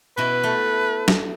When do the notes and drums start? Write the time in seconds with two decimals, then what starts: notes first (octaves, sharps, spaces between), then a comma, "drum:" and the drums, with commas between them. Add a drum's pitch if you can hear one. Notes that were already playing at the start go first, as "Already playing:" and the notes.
0.17 B2 E4 B4
0.43 A3
1.08 drum: snare